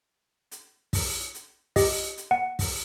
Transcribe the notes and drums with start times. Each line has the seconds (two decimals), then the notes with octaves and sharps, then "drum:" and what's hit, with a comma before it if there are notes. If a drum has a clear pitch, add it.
0.51 drum: hi-hat
0.93 drum: kick, open hi-hat
1.34 drum: hi-hat
1.76 G4 D#5, drum: kick, open hi-hat
2.17 drum: hi-hat
2.31 F#5
2.59 drum: kick, open hi-hat